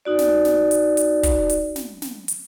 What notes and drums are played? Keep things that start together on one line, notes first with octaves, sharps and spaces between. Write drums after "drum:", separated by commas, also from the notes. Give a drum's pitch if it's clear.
D#4 F#4 D5
drum: snare
drum: snare
drum: hi-hat
drum: hi-hat
drum: kick, hi-hat
drum: hi-hat
drum: snare
drum: snare
drum: hi-hat